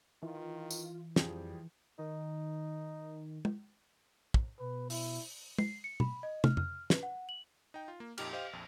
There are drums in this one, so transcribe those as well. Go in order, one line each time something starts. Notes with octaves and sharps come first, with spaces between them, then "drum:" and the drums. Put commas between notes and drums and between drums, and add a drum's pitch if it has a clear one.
D#3 E3 F4
drum: tambourine
F2 F3 G3 G#4 G5, drum: snare
D#3 D#4
drum: tom
drum: kick
B2 B4
E4, drum: open hi-hat
C7, drum: tom
C#7
B5, drum: tom
D#5
F6, drum: tom
F6, drum: tom F2
B4, drum: snare
F#5
F#7
D#4 G5
F4
A#3
F2 A#2 D#4 G4 F6, drum: cymbal
G4 C5 D#5 F5
A#1 F2